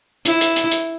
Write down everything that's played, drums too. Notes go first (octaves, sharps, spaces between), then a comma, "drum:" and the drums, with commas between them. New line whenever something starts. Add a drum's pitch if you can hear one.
E4, drum: hi-hat
drum: hi-hat
drum: hi-hat
drum: hi-hat